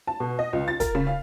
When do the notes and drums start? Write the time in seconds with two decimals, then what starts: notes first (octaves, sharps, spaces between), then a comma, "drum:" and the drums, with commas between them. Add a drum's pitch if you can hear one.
0.07 A5
0.20 B2
0.39 D#5
0.53 C#2
0.68 A6
0.80 A#4, drum: kick, hi-hat
0.95 C#3
1.07 F5